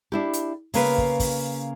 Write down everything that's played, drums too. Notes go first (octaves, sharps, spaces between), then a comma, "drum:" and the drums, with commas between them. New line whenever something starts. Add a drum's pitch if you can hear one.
D4 E4 G4
drum: hi-hat
C#3 A#3 B4, drum: open hi-hat
drum: kick
drum: kick, open hi-hat